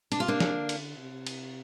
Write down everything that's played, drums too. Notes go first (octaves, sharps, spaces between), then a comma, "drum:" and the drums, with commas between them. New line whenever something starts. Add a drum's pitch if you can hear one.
C3 D4, drum: cymbal
F4
A#3 D4
drum: snare
D3
drum: cymbal
C3
drum: cymbal